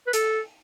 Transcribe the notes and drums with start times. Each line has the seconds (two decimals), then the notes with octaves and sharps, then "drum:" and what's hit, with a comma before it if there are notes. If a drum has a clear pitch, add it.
0.07 B4
0.13 A4, drum: hi-hat